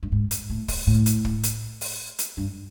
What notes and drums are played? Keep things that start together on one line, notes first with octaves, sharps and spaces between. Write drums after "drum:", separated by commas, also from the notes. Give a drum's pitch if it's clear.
G2
G#2
drum: hi-hat
A2
drum: kick, open hi-hat
A2
drum: hi-hat
drum: kick
drum: hi-hat
drum: open hi-hat
drum: hi-hat
G2